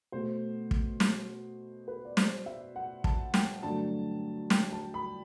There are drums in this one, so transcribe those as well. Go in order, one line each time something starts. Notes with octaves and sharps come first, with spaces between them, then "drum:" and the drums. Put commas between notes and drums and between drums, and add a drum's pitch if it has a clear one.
B2 A3 C5
drum: kick
drum: snare
B4
D5
C5, drum: snare
E5
F#5
A5, drum: kick
G5, drum: snare
G2 D3 F#3 A3 A5
G5, drum: snare
A5
B5